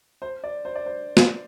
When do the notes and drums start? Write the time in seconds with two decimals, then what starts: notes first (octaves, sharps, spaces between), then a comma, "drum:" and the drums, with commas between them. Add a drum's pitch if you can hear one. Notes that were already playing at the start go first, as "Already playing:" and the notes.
0.22 C5
0.44 D5
0.65 C5
0.75 D5
0.86 C5
1.17 drum: snare